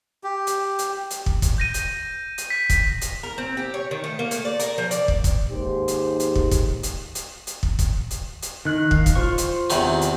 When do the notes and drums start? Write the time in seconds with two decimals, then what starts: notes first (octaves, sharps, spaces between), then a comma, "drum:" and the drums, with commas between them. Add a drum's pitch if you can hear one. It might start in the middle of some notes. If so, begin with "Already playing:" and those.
0.24 G4
0.47 drum: hi-hat
0.79 drum: hi-hat
1.10 drum: hi-hat
1.26 drum: kick
1.42 drum: kick, hi-hat
1.58 G6 A#6 D#7
1.74 drum: hi-hat
2.38 drum: hi-hat
2.50 B6
2.70 drum: kick, hi-hat
3.01 drum: hi-hat
3.23 A#4
3.38 C4
3.57 G4
3.74 C#5
3.91 D#3
4.04 A3
4.19 A#3
4.31 A3, drum: hi-hat
4.45 D5
4.59 A#4, drum: hi-hat
4.78 F3
4.91 D5, drum: hi-hat
5.08 drum: kick
5.24 drum: kick, hi-hat
5.49 D#2 G#2 G4 C5
5.88 drum: hi-hat
6.20 drum: hi-hat
6.35 drum: kick
6.51 drum: kick, hi-hat
6.83 drum: hi-hat
7.15 drum: hi-hat
7.47 drum: hi-hat
7.63 drum: kick
7.79 drum: kick, hi-hat
8.11 drum: hi-hat
8.42 drum: hi-hat
8.65 D#3 F#6
8.91 F5, drum: kick
9.06 drum: kick, hi-hat
9.15 F4 C5 C#6
9.38 drum: hi-hat
9.70 E2 C3 D#3, drum: hi-hat
10.01 drum: hi-hat